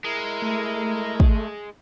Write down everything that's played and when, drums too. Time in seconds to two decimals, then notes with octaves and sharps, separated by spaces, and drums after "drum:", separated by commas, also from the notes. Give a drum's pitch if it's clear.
0.05 G#3 E4 A#4 A#5
0.42 A3
1.20 drum: kick